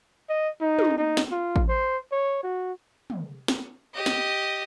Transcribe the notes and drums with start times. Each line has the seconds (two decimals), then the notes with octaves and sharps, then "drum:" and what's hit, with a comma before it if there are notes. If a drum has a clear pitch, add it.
0.29 D#5
0.61 D#4
0.79 drum: tom
0.98 D#4
1.17 drum: snare
1.32 F4
1.56 drum: kick A1
1.69 C5
2.12 C#5
2.43 F#4
3.10 drum: tom
3.48 drum: snare
3.95 G4 D#5
4.06 drum: snare